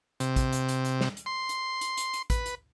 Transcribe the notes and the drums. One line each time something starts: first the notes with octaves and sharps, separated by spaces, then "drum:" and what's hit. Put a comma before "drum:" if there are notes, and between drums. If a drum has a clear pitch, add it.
C3, drum: hi-hat
drum: kick, hi-hat
drum: hi-hat
drum: hi-hat
drum: hi-hat
drum: snare
drum: hi-hat
C6
drum: hi-hat
drum: hi-hat
drum: hi-hat
drum: hi-hat
B4, drum: kick, hi-hat
drum: hi-hat